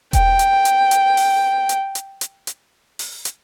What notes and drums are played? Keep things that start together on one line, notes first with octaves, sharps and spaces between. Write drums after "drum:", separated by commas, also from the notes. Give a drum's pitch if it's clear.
G5, drum: kick E1, hi-hat
drum: hi-hat
drum: hi-hat
drum: hi-hat
drum: open hi-hat
drum: hi-hat
drum: hi-hat
drum: hi-hat
drum: hi-hat
drum: open hi-hat
drum: hi-hat